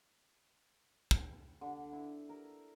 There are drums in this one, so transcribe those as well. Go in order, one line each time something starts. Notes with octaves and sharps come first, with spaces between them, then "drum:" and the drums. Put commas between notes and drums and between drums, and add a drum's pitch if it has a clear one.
drum: kick
D3
E4
A#4